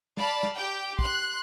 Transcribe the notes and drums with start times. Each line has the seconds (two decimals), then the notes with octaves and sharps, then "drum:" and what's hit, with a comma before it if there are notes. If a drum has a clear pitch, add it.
0.17 D5 F5 A5 B5, drum: snare
0.43 drum: snare
0.56 G4 G5
0.99 C6 F#6, drum: kick